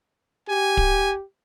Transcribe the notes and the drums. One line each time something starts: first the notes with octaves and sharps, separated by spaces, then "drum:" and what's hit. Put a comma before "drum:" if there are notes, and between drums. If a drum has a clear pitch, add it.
G4 G#5
drum: kick D1